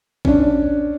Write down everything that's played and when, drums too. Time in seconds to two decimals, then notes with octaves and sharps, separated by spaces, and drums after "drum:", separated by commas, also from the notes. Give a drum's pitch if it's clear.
0.25 C#4 D4, drum: kick A1